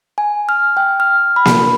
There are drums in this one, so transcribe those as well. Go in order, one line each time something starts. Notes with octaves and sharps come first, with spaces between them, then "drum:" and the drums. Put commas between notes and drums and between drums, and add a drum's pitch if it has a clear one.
G#5
F6
G5
F6
B5
drum: snare A#3